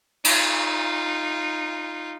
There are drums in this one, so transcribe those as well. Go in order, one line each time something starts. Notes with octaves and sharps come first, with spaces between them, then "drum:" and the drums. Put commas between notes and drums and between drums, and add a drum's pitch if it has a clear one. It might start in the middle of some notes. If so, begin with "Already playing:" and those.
D#4 F4, drum: cymbal